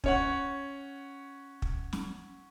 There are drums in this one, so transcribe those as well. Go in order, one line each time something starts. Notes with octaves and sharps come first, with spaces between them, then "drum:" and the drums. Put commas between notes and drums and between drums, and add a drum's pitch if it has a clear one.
C#4 C#5 F#5, drum: kick
drum: kick
drum: snare